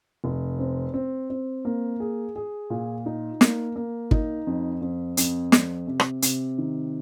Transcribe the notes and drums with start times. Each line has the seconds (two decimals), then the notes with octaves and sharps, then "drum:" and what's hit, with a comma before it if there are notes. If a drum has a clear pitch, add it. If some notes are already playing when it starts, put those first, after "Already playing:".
0.24 F1
0.59 C4
0.94 C4
1.30 C4
1.65 A#3
2.00 G#4
2.36 G#4
2.70 A#2
3.06 D#4
3.41 A#3, drum: snare
3.76 A#3
4.11 D#4, drum: kick
4.47 F2
4.81 F2
5.17 F2, drum: hi-hat
5.52 F2, drum: snare
5.87 C3
6.00 drum: rim click
6.22 C3, drum: hi-hat
6.58 D#3